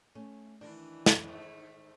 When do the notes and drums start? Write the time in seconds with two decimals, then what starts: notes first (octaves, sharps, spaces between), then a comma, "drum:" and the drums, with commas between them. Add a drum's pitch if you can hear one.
0.15 A3 C#4
0.61 D#3 E3 D4
1.06 drum: snare
1.28 G#2 A3